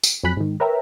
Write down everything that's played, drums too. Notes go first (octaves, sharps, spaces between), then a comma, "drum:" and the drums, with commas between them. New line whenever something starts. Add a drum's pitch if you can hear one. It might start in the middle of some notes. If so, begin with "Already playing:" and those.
drum: tambourine
F2 F#3 G#5 B5 F#6 B6
G#2 D#3
A#4 B4 C#5 E5 G5 A#5